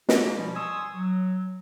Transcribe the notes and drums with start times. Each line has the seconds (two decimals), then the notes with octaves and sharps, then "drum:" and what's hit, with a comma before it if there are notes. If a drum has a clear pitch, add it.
0.09 G#3 A#3 C#4 D#4 F#4 G4, drum: snare
0.36 B2 F3 G3
0.55 G#5 C6 C#6 D#6 E6
0.95 F#3